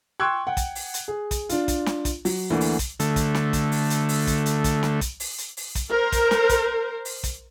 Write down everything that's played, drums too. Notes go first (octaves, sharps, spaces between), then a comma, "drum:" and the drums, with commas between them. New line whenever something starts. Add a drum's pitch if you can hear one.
G5 C6 C#6 E6 F#6 G#6
F#5 G5
drum: kick, hi-hat
drum: open hi-hat
drum: hi-hat
G#4
drum: kick, hi-hat
D4 F4, drum: hi-hat
drum: kick, hi-hat
drum: snare
drum: kick, hi-hat
F#3, drum: open hi-hat
D2 D3 E3 A3 A#3 D4
drum: open hi-hat
drum: kick, hi-hat
D3 A3, drum: hi-hat
drum: kick, hi-hat
drum: snare
drum: kick, hi-hat
drum: open hi-hat
drum: hi-hat
drum: open hi-hat
drum: kick, hi-hat
drum: hi-hat
drum: kick, hi-hat
drum: snare
drum: kick, hi-hat
drum: open hi-hat
drum: hi-hat
drum: open hi-hat
drum: kick, hi-hat
A#4 C5
drum: kick, hi-hat
drum: snare
drum: kick, hi-hat
drum: open hi-hat
drum: kick, hi-hat